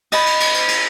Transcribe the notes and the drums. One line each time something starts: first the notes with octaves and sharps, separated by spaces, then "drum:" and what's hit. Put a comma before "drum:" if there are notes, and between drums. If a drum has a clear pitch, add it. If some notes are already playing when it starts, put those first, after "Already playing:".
D#5 B5, drum: cymbal
drum: cymbal
drum: cymbal
drum: cymbal
drum: cymbal